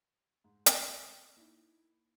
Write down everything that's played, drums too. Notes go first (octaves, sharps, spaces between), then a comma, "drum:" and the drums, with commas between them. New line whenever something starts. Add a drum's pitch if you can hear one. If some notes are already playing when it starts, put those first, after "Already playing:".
G#2
drum: hi-hat
A#3 D#4 E4